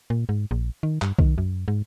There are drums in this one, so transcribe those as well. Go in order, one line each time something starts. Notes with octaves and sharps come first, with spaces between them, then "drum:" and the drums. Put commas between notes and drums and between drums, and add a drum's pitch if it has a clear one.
A#2
G#2
A#1
D#3
G2, drum: clap
D#3, drum: kick B1
F#2
G#2